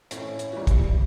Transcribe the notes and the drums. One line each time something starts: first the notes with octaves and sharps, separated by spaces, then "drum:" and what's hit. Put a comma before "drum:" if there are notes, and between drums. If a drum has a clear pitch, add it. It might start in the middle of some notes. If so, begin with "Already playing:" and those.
A2 C#4 C#5, drum: hi-hat
drum: hi-hat
E3 G3
drum: kick, hi-hat